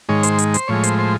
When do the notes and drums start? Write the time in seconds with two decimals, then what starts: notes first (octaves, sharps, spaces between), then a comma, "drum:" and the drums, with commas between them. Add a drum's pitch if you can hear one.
0.09 G#2 D#3 G#3 C#5
0.23 C5, drum: hi-hat
0.38 drum: hi-hat
0.54 C5, drum: hi-hat
0.68 A2 F3 G#3 C#5
0.83 C5, drum: hi-hat
0.99 C5